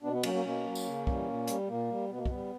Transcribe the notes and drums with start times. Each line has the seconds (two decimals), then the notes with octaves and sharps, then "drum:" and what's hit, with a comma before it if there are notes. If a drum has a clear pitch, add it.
0.03 B2 B3 D4
0.13 B3
0.23 F#3 A#3 C#4, drum: cymbal
0.34 A#3 C#4
0.44 B2 A#3 C#4
0.66 F#3
0.75 drum: tambourine
0.86 C#3
1.07 E3 G3, drum: kick
1.28 A#2
1.48 G3, drum: hi-hat
1.68 A#2 A#3
1.90 G3
2.10 B2 B3
2.17 A#3
2.25 G3 B3, drum: kick